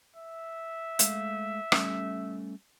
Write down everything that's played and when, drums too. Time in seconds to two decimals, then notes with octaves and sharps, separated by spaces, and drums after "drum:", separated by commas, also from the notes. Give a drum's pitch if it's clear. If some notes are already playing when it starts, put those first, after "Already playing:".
0.16 E5
0.99 G#3 A3 F5, drum: hi-hat
1.72 G3 A3 C#4, drum: rim click